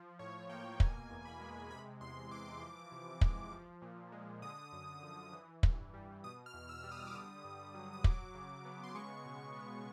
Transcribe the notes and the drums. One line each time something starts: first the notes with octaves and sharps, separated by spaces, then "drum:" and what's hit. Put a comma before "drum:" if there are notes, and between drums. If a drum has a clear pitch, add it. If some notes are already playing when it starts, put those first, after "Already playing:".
Already playing: F3
A2 C#5
A#3 G5
B2 G#5, drum: kick
E2
B5
G#3
C3 B5
E2 C6
E3 D6
F3
C3
G#3, drum: kick
F3
A#2
G#3
D3 D#6
F#2
F3
E3
G2, drum: kick
G3
B2 D#6
F6
E2
E6
G3
D#6
D6
D3 D#6
G2
F#3
D#6
F#3 D6, drum: kick
C#3
B3
C6
G#3 C#6
B2
B3